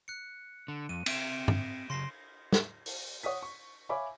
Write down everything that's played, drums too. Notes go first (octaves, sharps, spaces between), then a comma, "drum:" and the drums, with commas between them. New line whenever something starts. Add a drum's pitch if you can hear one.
F#6 C#7
D3
F2 D#7
C4 E5 G5 A#6 D7 E7, drum: cymbal
drum: tom G2
C#3 F#3 C6 A#6 C7
drum: snare
drum: open hi-hat
C#5 F#5 D#6 B6
C#6
C#5 E5 F5 G#5 B5 D6